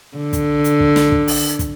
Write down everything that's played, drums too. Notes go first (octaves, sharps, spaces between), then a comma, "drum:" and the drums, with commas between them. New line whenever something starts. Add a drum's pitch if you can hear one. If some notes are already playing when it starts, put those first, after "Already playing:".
D3
drum: kick, hi-hat
drum: hi-hat
drum: kick
drum: snare
drum: kick
drum: open hi-hat
drum: kick, hi-hat